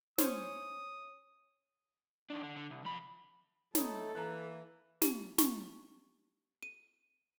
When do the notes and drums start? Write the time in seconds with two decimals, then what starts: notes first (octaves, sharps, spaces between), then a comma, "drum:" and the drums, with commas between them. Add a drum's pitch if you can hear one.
0.18 C#4 C5 C#5 D#6, drum: snare
2.30 D#3 D4
2.43 D3
2.56 D3
2.70 C2
2.85 F2 B5
3.75 A3 D#4 E4 A4 C#5 D#6, drum: snare
4.15 E3 A#3 A#5 F#6
5.02 G4, drum: snare
5.38 C#6, drum: snare
6.63 D#7